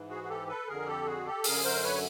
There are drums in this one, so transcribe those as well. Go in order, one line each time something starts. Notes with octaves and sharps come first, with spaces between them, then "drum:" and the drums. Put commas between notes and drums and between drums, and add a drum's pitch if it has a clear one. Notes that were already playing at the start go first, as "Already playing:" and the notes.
Already playing: G#2 E3
F#4 G#4
G#4
G4 A4
A4 B4
F2 D3 G#4 A#4
G4 A4
F#4 G#4
G4 A4
F#2 D3 G#4 A#4, drum: open hi-hat
A#4 C5
B4 C#5